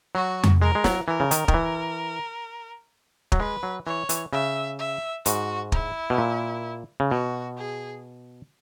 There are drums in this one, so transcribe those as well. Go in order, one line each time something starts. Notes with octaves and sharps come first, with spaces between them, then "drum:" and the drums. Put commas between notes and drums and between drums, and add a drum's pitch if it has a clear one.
F#3 F#4
drum: tom F2
G#3 A#4
G#3
F#3, drum: snare
E3 A#4
C#3
D#3, drum: hi-hat
D#3, drum: kick
E3
F#3, drum: kick
G#3 B4
F#3
E3 C#5
E3, drum: hi-hat
C#3 E5
E5
G#2 F#4, drum: hi-hat
E4, drum: kick
B2
A#2
C#3
B2 F#4
G#4